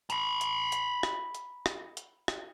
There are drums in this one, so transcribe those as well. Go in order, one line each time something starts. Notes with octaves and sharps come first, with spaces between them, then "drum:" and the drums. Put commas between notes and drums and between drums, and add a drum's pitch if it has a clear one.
A#5 B5, drum: hi-hat
drum: hi-hat
drum: hi-hat
drum: rim click
drum: hi-hat
drum: rim click
drum: hi-hat
drum: rim click